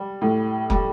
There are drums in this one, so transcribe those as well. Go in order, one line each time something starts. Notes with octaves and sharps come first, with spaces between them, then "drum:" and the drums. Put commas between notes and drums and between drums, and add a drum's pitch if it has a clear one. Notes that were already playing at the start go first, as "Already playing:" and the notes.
Already playing: G3
A2
G3, drum: kick F1